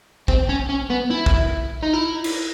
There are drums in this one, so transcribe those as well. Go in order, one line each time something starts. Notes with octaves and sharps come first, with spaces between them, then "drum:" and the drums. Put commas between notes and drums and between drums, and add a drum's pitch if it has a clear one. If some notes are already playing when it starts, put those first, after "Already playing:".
C4, drum: kick
C#4
C#4
B3
E4
drum: kick
D#4
E4
drum: cymbal